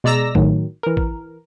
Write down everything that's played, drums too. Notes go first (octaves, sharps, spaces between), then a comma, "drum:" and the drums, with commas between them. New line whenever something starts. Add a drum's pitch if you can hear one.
B2 G#3 D5 A#5 E6 A#6
A2 D#3 F#3, drum: kick
E3 A#4
drum: kick